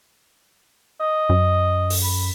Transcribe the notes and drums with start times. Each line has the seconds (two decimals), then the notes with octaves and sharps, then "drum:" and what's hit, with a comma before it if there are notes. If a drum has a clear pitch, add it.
1.00 D#5
1.29 F#2
1.90 drum: open hi-hat
2.04 B5